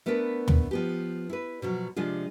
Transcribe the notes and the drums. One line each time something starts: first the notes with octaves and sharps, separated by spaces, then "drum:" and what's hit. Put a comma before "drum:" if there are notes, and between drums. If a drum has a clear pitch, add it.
A3 B3 D4 A#4 B4
drum: tom
F3 B3 G4
E4 B4
B2 F3 F#3
C3 F3 G#3 D4 F4